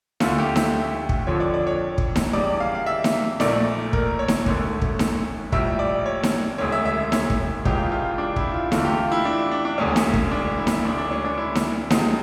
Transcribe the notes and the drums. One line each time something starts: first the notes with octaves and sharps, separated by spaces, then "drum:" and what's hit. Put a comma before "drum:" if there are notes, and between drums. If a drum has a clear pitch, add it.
D2 D3 A3 F4, drum: snare D#4
G4
E5, drum: snare D#4
drum: kick
F2 D3 F3 C#5
D5
D5
C#5
drum: kick
drum: snare D#4
E2 C#3 G3 D5
F5
F5
E5
drum: snare D#4
A#1 A#2 A3 D5, drum: snare D#4
A#4, drum: kick
C#5
drum: snare D#4
E1 D2 D3 A3, drum: kick
drum: kick
drum: snare D#4
A#1 A2 G3 E5, drum: kick
D5
C#5
drum: snare D#4
E1 D2 C#3 C#5
E5
E5
C#5, drum: snare D#4
drum: kick
C#2 C#3 E3 G4, drum: kick
F4
F4
F4
D4
E4, drum: kick
F4
E2 D3 A3 F4, drum: snare D#4
G4
F4
E4
D4
D4
D4
E1 D2 C#3 C#4
drum: snare D#4
drum: kick
D4
E4
drum: snare D#4
E1 D2 C#3 D4
D4
C#4
D4
E4
drum: snare D#4
C#2 C#3 G3, drum: snare D#4